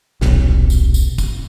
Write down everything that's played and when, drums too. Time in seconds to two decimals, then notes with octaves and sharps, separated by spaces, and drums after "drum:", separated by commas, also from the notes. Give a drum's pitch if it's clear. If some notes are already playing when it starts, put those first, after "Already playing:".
0.21 D#1 B1, drum: snare
0.70 drum: tambourine
0.94 drum: tambourine
1.18 drum: kick, tambourine